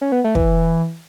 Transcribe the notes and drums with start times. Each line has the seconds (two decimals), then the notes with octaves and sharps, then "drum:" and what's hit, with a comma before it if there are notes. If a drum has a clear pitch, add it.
0.01 C#4
0.12 B3
0.24 A3
0.35 E3, drum: kick